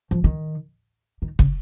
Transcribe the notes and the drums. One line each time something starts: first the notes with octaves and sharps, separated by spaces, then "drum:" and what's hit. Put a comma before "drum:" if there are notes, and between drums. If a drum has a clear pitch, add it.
F3
D#3
D#3
C#3, drum: kick